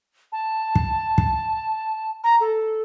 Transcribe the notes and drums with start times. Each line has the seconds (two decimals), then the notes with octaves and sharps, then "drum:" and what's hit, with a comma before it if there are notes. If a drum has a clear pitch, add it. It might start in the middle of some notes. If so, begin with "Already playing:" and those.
0.32 A5
0.75 drum: kick
1.18 drum: kick
2.24 A#5
2.40 A4